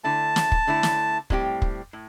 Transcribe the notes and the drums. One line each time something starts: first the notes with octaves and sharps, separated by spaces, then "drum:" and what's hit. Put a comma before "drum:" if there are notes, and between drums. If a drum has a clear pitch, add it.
D3 A3 E4 A5
drum: snare
drum: kick
D3 A3 E4
drum: snare
A2 G3 C4 E4 G4, drum: kick
drum: kick
A2